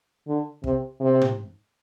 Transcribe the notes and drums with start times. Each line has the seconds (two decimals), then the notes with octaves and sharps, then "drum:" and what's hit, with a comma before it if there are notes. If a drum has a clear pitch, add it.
0.28 D3
0.64 C3, drum: kick
1.00 C3
1.22 drum: tom